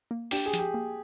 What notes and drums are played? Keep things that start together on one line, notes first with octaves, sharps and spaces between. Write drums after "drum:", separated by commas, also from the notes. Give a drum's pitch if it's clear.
A#3
D4 G4, drum: open hi-hat
G#4
F3, drum: hi-hat
G4
A#3